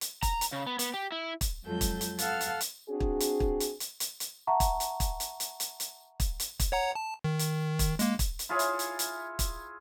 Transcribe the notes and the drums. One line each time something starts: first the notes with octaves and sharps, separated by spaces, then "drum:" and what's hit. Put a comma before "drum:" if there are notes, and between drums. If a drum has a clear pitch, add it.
drum: hi-hat
A#5, drum: kick, hi-hat
drum: hi-hat
C#3
B3
B3, drum: hi-hat
G4
E4
drum: kick, hi-hat
F2 F#3 G#3 F4 A4 G6
drum: kick, hi-hat
drum: hi-hat
A4 F5 F#5 A5 F6, drum: hi-hat
drum: hi-hat
drum: hi-hat
C4 D4 F#4 G#4
drum: kick
drum: hi-hat
drum: kick
drum: hi-hat
drum: hi-hat
drum: hi-hat
drum: hi-hat
E5 F#5 A5 A#5 C#6
drum: kick, hi-hat
drum: hi-hat
drum: kick, hi-hat
drum: hi-hat
drum: hi-hat
drum: hi-hat
drum: hi-hat
drum: kick, hi-hat
drum: hi-hat
drum: kick, hi-hat
C#5 F#5 A#5
A5
D#3
drum: hi-hat
drum: kick, hi-hat
G#3 A#3, drum: hi-hat
drum: kick, hi-hat
drum: hi-hat
E4 F4 G#4 C#5
drum: hi-hat
drum: hi-hat
drum: hi-hat
drum: kick, hi-hat